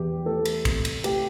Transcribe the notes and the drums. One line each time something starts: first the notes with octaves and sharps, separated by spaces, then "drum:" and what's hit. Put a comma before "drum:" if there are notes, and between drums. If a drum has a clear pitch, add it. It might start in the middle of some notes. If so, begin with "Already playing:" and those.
Already playing: E2 E3 G4
A3 A4
drum: cymbal
C3, drum: kick, cymbal
drum: cymbal
A3 G4, drum: cymbal